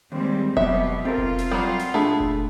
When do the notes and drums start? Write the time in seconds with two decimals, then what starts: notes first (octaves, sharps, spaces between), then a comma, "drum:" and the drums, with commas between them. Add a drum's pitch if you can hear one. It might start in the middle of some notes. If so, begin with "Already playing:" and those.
0.12 D#2 G3 G#3 C4
0.57 B2 F#3 B3 G4 E5, drum: kick F1
1.05 C4 F4 A4 A#4
1.18 drum: kick F1
1.38 drum: snare
1.51 F#3 G3
1.79 drum: snare
1.94 A#2 A3 D4 G#4 B5
2.20 drum: kick F1